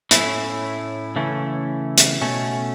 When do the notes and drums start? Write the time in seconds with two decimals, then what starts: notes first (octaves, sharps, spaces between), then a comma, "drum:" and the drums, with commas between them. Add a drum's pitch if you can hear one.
0.11 A2 A3 C#4 E4, drum: hi-hat
1.16 C#3 E3 A3 C#4 E4
1.98 drum: hi-hat
2.21 B2 A3 C#4